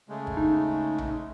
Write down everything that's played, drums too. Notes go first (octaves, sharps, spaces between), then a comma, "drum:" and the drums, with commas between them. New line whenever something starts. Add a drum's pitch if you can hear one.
C#3 G#3 A3
drum: kick
D#4
drum: tom A#1